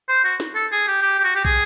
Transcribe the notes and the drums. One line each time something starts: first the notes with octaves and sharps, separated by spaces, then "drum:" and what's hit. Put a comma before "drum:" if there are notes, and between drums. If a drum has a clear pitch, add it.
C5
F#4
drum: snare
A4
G#4
G4
G4
G4
F#4
G4
G#4, drum: kick